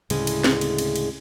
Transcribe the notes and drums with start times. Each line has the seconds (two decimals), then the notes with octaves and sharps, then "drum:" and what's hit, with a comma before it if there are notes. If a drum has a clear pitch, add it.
0.10 D2 A2 C#3 G#3, drum: cymbal
0.27 drum: cymbal
0.44 drum: snare
0.61 drum: cymbal
0.78 drum: cymbal
0.96 drum: cymbal